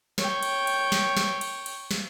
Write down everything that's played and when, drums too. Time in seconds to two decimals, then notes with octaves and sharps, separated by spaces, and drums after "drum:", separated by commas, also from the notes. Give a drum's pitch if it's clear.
0.18 C#5 G5, drum: snare
0.43 drum: cymbal
0.67 drum: cymbal
0.92 drum: snare
1.17 drum: snare
1.41 drum: cymbal
1.66 drum: cymbal
1.91 drum: snare